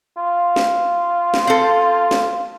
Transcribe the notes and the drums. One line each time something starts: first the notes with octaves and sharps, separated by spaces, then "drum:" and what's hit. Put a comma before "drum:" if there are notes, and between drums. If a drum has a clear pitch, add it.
F4
drum: snare
drum: snare
C4 A4
drum: snare